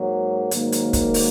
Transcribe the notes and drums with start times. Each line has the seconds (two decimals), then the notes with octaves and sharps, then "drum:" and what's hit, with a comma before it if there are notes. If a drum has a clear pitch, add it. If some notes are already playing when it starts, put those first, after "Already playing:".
Already playing: G#2 F#3 A#3
0.51 G#2 D#3 F#3 A#3, drum: hi-hat
0.72 drum: hi-hat
0.93 drum: kick, hi-hat
1.14 drum: open hi-hat